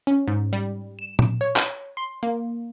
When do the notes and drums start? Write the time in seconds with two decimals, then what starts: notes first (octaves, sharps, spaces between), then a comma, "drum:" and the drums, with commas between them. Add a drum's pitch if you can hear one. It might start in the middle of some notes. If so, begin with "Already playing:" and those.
0.07 C#4
0.28 G#2
0.53 G3
0.99 E7
1.19 drum: tom A#2
1.41 C#5
1.56 drum: clap
1.97 C6
2.23 A#3